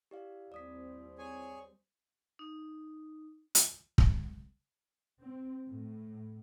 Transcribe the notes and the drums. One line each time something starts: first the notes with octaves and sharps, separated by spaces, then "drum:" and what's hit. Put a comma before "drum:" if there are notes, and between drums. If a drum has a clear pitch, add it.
E4 G4 D5 F5
D#2 G3 C4 D5 D#6 B6
G#4 C#5 G#5
D#4
drum: hi-hat
drum: kick
C4
A2